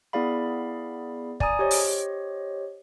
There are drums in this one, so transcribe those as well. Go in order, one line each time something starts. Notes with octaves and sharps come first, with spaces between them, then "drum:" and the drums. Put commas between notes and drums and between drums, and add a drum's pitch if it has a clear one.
B3 E4 G#4 D5 F5 B5
D5 G#5 A#5 D#6, drum: kick
G4 C5 C#5 D#5
drum: open hi-hat